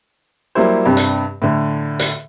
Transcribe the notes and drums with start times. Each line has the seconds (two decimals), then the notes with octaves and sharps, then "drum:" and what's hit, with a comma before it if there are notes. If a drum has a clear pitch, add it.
0.55 F#3 G3 A#3 E4 C5
0.85 G2 C3 G3
0.97 drum: hi-hat
1.42 A2 D3
1.99 drum: hi-hat